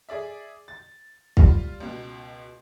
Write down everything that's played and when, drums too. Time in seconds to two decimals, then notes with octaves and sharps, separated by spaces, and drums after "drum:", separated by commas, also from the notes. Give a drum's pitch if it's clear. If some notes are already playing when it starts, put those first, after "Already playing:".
0.09 G#4 D5 E5
0.68 A6
1.37 G3 F4, drum: kick
1.80 C#2 B2